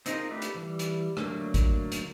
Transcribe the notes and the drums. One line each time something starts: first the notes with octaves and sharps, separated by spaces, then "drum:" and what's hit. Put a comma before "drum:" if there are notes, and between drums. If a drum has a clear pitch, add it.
C4 D#4 F4 G#4 A#4, drum: hi-hat
A3 D4 G4 B4
drum: hi-hat
E3 G3
drum: hi-hat
D3 F#3 A3 A#3 D4, drum: rim click
drum: kick G#1, hi-hat
drum: hi-hat